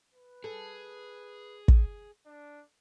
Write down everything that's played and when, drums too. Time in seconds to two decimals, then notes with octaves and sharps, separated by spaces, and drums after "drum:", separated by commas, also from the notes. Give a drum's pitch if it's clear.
0.14 B4
0.44 G#4 A4
1.68 drum: kick
2.26 D4